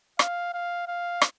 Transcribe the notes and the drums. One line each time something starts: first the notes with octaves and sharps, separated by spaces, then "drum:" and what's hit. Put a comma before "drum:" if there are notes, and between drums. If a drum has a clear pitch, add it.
F5, drum: rim click
F5
F5
drum: rim click